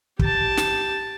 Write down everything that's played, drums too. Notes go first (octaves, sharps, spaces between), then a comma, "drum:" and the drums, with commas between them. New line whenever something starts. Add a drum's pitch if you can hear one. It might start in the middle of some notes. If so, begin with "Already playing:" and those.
G4 A5, drum: kick
drum: snare